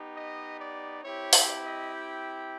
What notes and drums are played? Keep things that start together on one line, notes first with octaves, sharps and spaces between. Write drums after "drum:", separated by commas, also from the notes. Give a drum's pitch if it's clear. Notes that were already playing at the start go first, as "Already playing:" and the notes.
Already playing: B3 D#4 G4
D#5
D5
C4 E4 G4 C#5
drum: open hi-hat
D#5
G5